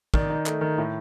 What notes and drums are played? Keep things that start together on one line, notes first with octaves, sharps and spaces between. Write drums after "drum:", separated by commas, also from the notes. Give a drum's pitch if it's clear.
D#3 D5, drum: kick
D#4
A3, drum: clap
D#3
A2